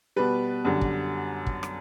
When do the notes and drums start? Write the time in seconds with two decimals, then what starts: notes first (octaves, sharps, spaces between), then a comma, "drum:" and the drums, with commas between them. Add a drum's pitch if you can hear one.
0.16 B2 G3 B4
0.65 F#2 D3 G3
0.81 drum: kick
1.46 drum: kick
1.63 drum: rim click